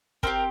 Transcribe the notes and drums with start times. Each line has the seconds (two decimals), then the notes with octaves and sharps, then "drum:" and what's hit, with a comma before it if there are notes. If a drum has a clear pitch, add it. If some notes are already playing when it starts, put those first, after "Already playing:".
0.23 C4 D#4 G4 A#4, drum: kick